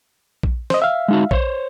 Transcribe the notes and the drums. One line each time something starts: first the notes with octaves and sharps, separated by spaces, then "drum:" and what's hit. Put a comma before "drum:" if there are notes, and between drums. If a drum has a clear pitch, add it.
drum: kick A#1
C5 D#5, drum: snare
E5 F5
G#3 D#4 F#4
C5 C#5, drum: kick A#1